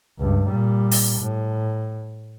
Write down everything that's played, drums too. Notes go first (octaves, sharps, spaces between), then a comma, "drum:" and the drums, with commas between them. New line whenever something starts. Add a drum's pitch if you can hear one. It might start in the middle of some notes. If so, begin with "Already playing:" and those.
C#2 G2
A#2 G3
drum: open hi-hat
A2